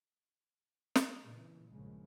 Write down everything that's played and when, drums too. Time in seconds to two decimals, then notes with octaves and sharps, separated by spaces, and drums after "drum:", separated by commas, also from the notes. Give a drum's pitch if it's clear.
0.95 drum: snare
1.23 A#2 C#3 E3
1.70 A#1 G2 C#3 G#3